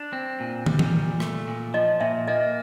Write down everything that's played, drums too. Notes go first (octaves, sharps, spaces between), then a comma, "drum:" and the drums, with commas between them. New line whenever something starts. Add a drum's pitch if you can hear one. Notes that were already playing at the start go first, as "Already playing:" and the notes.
Already playing: D4
C4
A#2
G3, drum: tom
drum: tom E3
A#2
A3, drum: rim click
A#2
F3 D#5
A#2 E5
A#3 D#5